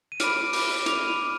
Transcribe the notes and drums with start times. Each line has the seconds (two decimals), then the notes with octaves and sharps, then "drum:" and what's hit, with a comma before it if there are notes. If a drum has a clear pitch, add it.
0.12 D#7
0.20 B5 D6 F6 D7, drum: hi-hat
0.53 B5 D6 F6, drum: open hi-hat
0.86 B5 D6 F6 F7, drum: hi-hat
0.96 D#7
1.08 F7
1.20 B5 D6 F6